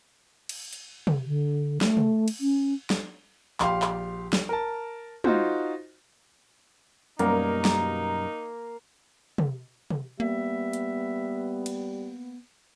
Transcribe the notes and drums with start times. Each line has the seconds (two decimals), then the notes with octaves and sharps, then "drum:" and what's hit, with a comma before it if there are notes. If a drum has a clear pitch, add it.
0.49 drum: cymbal
0.73 drum: hi-hat
1.07 drum: tom
1.26 D3
1.81 A3, drum: snare
1.97 drum: tom
2.28 drum: cymbal
2.40 C#4
2.90 drum: snare
3.60 A#1 G4 F5 C6, drum: clap
3.82 drum: clap
4.33 drum: snare
4.49 A#4 A5
5.24 D#4 F4 F#4 C5, drum: tom
7.19 F#2 B2 G3 A#3 D#4, drum: hi-hat
7.65 drum: snare
9.38 drum: tom
9.91 drum: tom
10.20 G3 A#3 B3 E5
10.73 drum: hi-hat
11.66 drum: cymbal